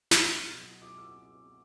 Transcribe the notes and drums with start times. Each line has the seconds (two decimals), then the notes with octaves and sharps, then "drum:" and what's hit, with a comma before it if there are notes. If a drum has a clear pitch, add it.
0.11 C#2 D#6, drum: snare
0.46 B2 F#3
0.81 C#2 D6
0.98 E6